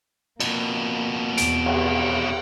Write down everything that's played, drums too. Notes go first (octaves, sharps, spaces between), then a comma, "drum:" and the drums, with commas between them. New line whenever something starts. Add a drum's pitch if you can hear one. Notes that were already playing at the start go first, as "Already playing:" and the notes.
F2 B2 A#3, drum: cymbal
E2 D7, drum: hi-hat
drum: cymbal